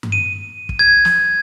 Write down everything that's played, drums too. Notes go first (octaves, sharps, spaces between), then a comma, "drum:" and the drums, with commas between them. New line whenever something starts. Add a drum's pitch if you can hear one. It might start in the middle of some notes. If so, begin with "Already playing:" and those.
drum: tom G2
D#7
drum: kick
G#6
drum: snare